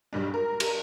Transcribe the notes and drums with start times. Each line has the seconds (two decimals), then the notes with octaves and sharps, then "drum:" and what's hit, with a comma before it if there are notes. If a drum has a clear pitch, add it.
0.13 B1 G3 D4
0.34 A#4
0.60 drum: cymbal